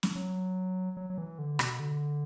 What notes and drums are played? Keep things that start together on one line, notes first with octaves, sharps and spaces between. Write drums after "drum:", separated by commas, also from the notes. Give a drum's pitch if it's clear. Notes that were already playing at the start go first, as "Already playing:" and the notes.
drum: snare
F#3
F#3
F#3
E3
D3
B2, drum: rim click
D3